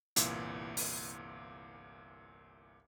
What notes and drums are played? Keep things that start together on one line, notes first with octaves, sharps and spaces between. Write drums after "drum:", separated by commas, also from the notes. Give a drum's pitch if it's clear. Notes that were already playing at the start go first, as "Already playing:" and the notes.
G1 C2 A#2 E3, drum: hi-hat
drum: open hi-hat